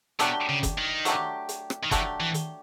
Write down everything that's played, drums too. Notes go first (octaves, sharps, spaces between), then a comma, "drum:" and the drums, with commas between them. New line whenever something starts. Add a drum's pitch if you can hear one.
B2 F#3 A3 D4 G4, drum: hi-hat
C#3
drum: kick F#1, hi-hat
D#3
F#3 A3 D4 G4, drum: hi-hat
drum: hi-hat
drum: rim click
D#3
E3 F#3 A3 D4 G4, drum: kick F#1, hi-hat
E3
drum: hi-hat